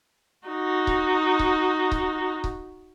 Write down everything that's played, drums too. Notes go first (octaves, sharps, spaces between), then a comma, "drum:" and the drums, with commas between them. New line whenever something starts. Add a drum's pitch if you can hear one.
D#4 F#4
drum: kick C#1
drum: kick C#1
drum: kick C#1
drum: kick C#1